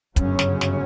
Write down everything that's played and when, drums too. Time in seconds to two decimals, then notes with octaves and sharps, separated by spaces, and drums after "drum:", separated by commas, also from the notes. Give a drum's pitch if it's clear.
0.16 G1 F#2 C#3 C#4, drum: kick, hi-hat
0.39 drum: snare
0.61 drum: snare